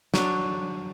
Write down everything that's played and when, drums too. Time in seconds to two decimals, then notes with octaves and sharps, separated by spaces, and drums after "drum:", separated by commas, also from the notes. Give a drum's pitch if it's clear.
0.14 F#3 D4, drum: snare